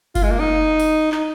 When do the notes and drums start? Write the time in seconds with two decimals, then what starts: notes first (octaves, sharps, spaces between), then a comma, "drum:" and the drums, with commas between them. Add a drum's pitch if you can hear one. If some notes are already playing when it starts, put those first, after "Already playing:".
0.15 F4, drum: kick F#1, open hi-hat
0.23 G#3
0.31 A#3
0.40 D#4
0.80 drum: open hi-hat
1.12 D#4, drum: clap